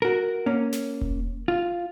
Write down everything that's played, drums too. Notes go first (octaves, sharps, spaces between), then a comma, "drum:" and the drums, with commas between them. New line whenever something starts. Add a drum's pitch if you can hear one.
F#4 A#4
A#3 C#4
drum: snare
drum: kick E1
F4